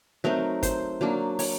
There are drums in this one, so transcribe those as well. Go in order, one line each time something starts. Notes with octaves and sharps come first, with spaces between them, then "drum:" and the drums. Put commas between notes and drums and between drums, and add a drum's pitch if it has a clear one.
F#3 A3 C4 D#4 A#4
C5, drum: kick, hi-hat
F#3 A#3 D4
C#5, drum: open hi-hat